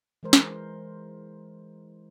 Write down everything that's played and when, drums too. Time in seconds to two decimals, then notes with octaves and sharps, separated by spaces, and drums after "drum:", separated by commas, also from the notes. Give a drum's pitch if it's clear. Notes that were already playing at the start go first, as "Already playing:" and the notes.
0.23 E3 G#3 A#4 C5
0.33 drum: snare